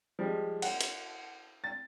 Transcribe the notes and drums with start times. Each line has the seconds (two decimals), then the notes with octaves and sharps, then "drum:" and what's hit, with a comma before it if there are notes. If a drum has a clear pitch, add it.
0.19 F3 G3 G#3
0.62 F#5, drum: cymbal
0.81 drum: hi-hat
1.64 A6